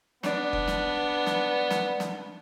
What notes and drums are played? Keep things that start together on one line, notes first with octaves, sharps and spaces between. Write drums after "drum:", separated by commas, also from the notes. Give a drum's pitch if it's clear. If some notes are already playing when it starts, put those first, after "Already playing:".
B3 D4, drum: snare
drum: kick F#1
drum: snare
drum: snare
drum: snare
drum: snare